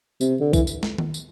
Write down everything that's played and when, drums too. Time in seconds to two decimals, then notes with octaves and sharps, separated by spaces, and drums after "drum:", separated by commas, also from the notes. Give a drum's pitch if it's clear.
0.21 C3, drum: tambourine
0.40 D3
0.53 E3, drum: kick, tambourine
0.67 drum: tambourine
0.83 drum: snare
0.98 drum: tom D#3
1.14 drum: tambourine